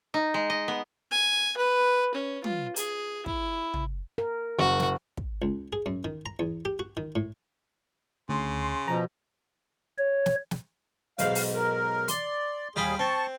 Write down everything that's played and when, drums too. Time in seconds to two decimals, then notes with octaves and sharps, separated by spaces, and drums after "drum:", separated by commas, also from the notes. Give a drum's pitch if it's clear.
0.14 D#4
0.34 G#3
0.50 D#5
0.68 B3
1.11 G#5
1.57 B4
2.15 C#4
2.44 F4, drum: tom
2.76 G#4, drum: hi-hat
3.26 E4, drum: kick
3.74 drum: tom
4.18 A#4
4.59 F#1 F#4
4.79 drum: snare
5.17 drum: kick
5.42 C#2
5.73 G#4
5.86 F#2
6.05 D#3
6.26 A#5
6.39 E2
6.65 G4
6.79 F#4
6.97 D#3
7.16 A2
8.29 D2 C#3 C6
8.88 B2 F3 A#5
9.98 C#5
10.26 drum: snare
10.51 drum: snare
11.19 B1 G#2 F5, drum: hi-hat
11.35 drum: open hi-hat
11.55 A#4
12.08 D5 C6, drum: hi-hat
12.76 D#2 G3 F4 G#4 B5
12.99 C4 A5 C#6